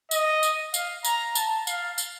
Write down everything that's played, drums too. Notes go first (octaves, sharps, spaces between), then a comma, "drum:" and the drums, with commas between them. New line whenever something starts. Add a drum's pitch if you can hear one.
D#5, drum: tambourine
drum: tambourine
F5, drum: tambourine
A#5, drum: tambourine
A5, drum: tambourine
F5, drum: tambourine
drum: tambourine